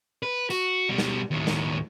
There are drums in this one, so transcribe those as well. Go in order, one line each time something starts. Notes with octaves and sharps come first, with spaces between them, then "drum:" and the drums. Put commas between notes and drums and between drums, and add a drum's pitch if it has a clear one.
B4
F#4, drum: tambourine
B2 G3
drum: snare
D#2 A2
drum: snare